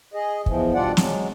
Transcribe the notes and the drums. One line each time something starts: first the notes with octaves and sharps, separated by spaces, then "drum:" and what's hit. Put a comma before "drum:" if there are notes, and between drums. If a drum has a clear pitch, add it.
G#4 D#5
E2 E3 F3, drum: kick
B2 G3 D4 F4 D5 F#5
F#3 G#3, drum: snare